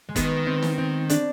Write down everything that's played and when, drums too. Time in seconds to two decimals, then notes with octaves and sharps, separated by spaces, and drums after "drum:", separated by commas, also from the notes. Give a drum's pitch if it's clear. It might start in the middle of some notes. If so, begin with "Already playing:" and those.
0.09 G#3
0.16 D#3 B3, drum: kick F#1, hi-hat
0.47 C4
0.62 drum: snare
0.78 C4
1.09 D4, drum: hi-hat